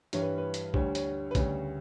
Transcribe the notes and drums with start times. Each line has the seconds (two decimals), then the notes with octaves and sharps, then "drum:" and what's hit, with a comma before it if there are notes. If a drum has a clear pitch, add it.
0.13 G2 E3 G3 C#5, drum: hi-hat
0.22 B4
0.38 B4
0.54 drum: hi-hat
0.74 D2 D3 G3 C#5, drum: kick A#1
0.95 C#5, drum: hi-hat
1.31 B4
1.35 D2 C#3 G3 C#5, drum: kick A#1, hi-hat